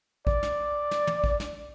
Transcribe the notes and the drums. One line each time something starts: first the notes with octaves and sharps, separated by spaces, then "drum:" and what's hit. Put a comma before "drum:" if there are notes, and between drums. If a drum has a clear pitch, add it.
D5, drum: kick A1
drum: snare
drum: snare
drum: tom
drum: kick A1
drum: snare